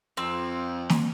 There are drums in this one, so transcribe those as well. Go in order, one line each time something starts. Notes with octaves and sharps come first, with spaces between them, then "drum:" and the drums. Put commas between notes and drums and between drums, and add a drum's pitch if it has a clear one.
F2 C4 E6
drum: snare